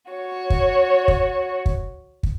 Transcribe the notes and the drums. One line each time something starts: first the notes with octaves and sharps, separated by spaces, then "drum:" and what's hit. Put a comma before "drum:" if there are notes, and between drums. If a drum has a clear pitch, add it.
F#4 C#5
drum: kick
drum: kick
drum: kick
drum: kick